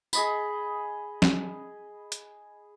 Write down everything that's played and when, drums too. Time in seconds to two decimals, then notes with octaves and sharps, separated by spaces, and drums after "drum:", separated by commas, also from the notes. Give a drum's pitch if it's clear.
0.13 G#4 D#5 B5, drum: tambourine
1.22 drum: snare
2.12 drum: hi-hat